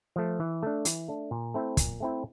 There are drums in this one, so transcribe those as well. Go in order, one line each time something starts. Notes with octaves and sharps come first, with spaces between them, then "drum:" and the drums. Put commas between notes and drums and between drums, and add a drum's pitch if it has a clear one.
F3 A3
E3
A3 D4
E3, drum: hi-hat
A3 D4
A#2
A3 C4 E4
A#2, drum: kick, hi-hat
A3 C4 E4